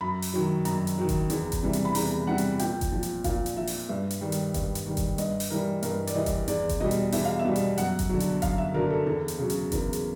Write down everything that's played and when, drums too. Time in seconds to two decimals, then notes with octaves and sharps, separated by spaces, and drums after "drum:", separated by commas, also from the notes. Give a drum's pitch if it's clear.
0.01 F#2 B5
0.22 drum: open hi-hat
0.33 D#3 F#3
0.65 F#2 A#5, drum: hi-hat
0.87 drum: hi-hat
0.98 D#3 F#3
1.09 drum: kick F#1, hi-hat
1.30 E2, drum: hi-hat
1.52 drum: kick F#1, hi-hat
1.63 C3 E3 G3
1.73 drum: hi-hat
1.85 B5
1.95 E2 A#5, drum: open hi-hat
2.27 C3 E3 G3 F#5
2.38 drum: hi-hat
2.59 A#2 G5, drum: hi-hat
2.81 drum: kick F#1, hi-hat
2.92 F3
3.03 drum: hi-hat
3.24 A#2 F5, drum: kick F#1, hi-hat
3.46 drum: hi-hat
3.56 F3 E5
3.67 drum: open hi-hat
3.89 G2 E5
4.11 drum: hi-hat
4.21 D#3 G3
4.32 drum: hi-hat
4.54 G2, drum: kick F#1, hi-hat
4.75 drum: hi-hat
4.86 D#3 G3
4.97 drum: kick F#1, hi-hat
5.18 G2 D#5, drum: hi-hat
5.40 drum: open hi-hat
5.50 E3 G3 A#4
5.83 G2 A#4, drum: hi-hat
6.07 D5, drum: hi-hat
6.15 E3 G3 D#5
6.26 drum: kick F#1, hi-hat
6.48 E2 D5, drum: hi-hat
6.69 drum: kick F#1, hi-hat
6.80 B2 G3 D#5
6.91 drum: hi-hat
7.12 E2 E5, drum: open hi-hat
7.25 F5
7.39 E5
7.45 B2 G3
7.56 drum: hi-hat
7.78 F#2 F#5, drum: hi-hat
7.99 drum: kick F#1, hi-hat
8.09 D3 F#3
8.20 drum: hi-hat
8.42 F#2 F5, drum: kick F#1, hi-hat
8.58 E5
8.74 D3 F#3 A#4
8.90 A4
9.06 E2 A4
9.28 drum: hi-hat
9.38 C#3 F#3
9.50 drum: hi-hat
9.72 E2 A#4, drum: kick F#1, hi-hat
9.93 drum: hi-hat